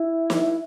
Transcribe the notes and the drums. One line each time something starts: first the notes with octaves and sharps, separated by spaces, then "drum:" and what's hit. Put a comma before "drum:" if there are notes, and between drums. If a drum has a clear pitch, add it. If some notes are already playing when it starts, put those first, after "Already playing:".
Already playing: E4
drum: snare